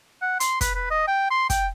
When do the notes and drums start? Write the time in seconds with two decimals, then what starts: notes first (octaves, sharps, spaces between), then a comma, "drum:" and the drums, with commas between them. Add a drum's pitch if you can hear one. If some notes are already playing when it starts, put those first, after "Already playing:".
0.22 F#5
0.40 C6, drum: hi-hat
0.61 B4, drum: kick, hi-hat
0.75 B4
0.91 D#5
1.07 G5
1.31 C6
1.50 G5, drum: kick, hi-hat